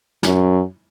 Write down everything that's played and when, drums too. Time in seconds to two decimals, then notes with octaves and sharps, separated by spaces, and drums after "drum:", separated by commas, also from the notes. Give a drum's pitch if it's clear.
0.23 F#2, drum: snare